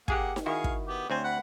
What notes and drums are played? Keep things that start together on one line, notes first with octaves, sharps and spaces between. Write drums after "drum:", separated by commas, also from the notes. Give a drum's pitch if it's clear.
A#3 G4 G#4 F#5 G#5, drum: kick
drum: snare D#4
D#3 E4 F#4 G#4 F5 C#6
drum: kick
B3 G4
D2 C4 C5 C#5 G#5
F#5 B5